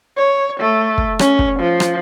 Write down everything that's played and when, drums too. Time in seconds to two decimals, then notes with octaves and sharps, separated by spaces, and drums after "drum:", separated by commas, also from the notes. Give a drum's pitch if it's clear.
0.17 C#5
0.60 A3
0.98 drum: kick
1.19 C#4, drum: rim click
1.39 drum: kick
1.59 F3
1.80 drum: rim click